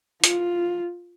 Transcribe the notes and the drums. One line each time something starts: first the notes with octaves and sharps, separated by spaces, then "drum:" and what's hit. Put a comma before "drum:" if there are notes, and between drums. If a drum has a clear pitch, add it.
F4, drum: hi-hat